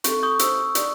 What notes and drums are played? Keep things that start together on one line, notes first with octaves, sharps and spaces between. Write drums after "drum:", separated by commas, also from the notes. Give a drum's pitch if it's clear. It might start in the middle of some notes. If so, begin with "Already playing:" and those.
C4 A4 C#6, drum: hi-hat
C#6 D#6 G6
C5 E6 G6, drum: hi-hat
D5, drum: hi-hat